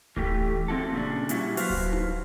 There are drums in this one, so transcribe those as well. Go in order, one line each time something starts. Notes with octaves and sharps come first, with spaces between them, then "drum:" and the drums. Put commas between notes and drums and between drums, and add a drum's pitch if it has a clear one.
E3 A3 G4, drum: kick D1
F3 C4 E4 F#4 A4
A#2 C#3 D4
A#2 G3 E4 F#4, drum: hi-hat
F#3 F#4 B4 C5 F5, drum: open hi-hat
drum: kick D1
drum: tom D#4